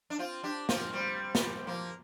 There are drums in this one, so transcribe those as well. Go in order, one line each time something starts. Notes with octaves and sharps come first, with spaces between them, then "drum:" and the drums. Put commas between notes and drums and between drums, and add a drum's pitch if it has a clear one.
D4
C4 F4
D4 G4
C4 F4, drum: snare
G3 C4
drum: snare
F3 A#3